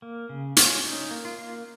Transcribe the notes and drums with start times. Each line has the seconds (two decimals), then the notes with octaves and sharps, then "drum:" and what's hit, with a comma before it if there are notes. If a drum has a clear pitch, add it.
0.02 A#3
0.29 C#3
0.57 C#4 F4, drum: hi-hat
0.84 C#4 D#4
1.11 A#3
1.25 F4
1.38 A#3